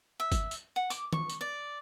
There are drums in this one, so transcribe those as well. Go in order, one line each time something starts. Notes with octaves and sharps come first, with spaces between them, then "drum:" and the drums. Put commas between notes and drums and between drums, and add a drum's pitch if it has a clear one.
E5
drum: kick G1, tambourine
drum: tambourine
F#5
D6, drum: tambourine
C#6, drum: tom D#3
drum: tambourine
D5